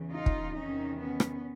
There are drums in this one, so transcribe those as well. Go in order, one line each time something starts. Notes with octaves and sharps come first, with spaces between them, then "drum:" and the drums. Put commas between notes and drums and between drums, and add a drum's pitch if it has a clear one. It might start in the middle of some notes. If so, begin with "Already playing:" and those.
Already playing: E2 C#3 E3
D#4 F4
drum: kick
E2 C3 D#3 C#4 D#4
B3 C#4
drum: rim click